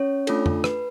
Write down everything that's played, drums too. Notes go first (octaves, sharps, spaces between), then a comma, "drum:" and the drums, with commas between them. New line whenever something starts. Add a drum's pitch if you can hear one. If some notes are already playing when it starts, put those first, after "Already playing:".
Already playing: C#4 C#5
A3 D4 F4 A4, drum: cymbal
drum: tom F2
B4, drum: rim click